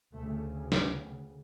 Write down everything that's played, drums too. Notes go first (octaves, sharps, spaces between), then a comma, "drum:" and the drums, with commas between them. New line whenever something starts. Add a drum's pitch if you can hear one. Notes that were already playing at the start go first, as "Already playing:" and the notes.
D2 C#3 A3
B3, drum: snare